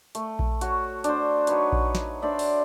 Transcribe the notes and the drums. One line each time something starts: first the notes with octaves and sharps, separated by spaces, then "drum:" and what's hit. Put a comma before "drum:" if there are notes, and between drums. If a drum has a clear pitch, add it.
A3, drum: hi-hat
drum: kick A#1
F#4 C#5, drum: hi-hat
D4 C5, drum: hi-hat
F#3 D#4 B4 C#5, drum: hi-hat
drum: kick A#1
drum: snare
D4 C5 D5 E5
drum: open hi-hat